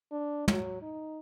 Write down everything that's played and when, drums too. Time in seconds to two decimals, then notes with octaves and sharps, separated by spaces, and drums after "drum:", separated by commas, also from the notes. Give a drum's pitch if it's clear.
0.11 D4
0.48 F#3, drum: tom
0.82 D#4